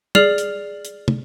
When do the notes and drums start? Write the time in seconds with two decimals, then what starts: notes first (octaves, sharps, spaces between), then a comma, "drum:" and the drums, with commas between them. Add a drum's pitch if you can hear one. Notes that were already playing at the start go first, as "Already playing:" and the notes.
0.15 G#4 D5 F6 C7 F7 F#7, drum: tom
0.38 drum: hi-hat
0.85 drum: hi-hat
1.08 drum: tom